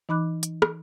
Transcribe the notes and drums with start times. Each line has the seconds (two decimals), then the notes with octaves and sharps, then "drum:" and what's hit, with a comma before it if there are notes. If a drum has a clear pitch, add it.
0.09 E3 D#4 B5 D6 F#6
0.43 drum: hi-hat
0.62 drum: rim click